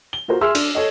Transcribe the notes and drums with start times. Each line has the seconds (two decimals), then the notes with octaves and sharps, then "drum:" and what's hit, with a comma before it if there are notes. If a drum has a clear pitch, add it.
0.13 G7
0.28 F4 F#4 A#4 C5
0.41 G#4 E5 C6 E6 F6
0.55 D4, drum: cymbal
0.75 A4 C#5 D#5